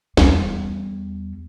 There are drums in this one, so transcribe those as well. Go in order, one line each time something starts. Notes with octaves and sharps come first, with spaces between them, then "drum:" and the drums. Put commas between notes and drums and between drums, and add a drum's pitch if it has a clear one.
E2 G3, drum: snare